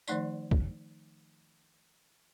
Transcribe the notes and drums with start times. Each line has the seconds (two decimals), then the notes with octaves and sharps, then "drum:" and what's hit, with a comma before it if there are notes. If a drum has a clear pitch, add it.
0.08 D#3 F3 A3 D#4 D5, drum: tambourine
0.51 drum: kick